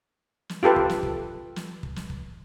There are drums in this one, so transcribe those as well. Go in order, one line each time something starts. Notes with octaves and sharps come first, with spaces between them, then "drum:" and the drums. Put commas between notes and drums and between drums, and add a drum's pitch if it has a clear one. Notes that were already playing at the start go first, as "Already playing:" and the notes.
drum: snare
F4 G4 A4 B4
drum: kick
drum: snare
drum: kick
drum: snare
drum: kick
drum: snare
drum: kick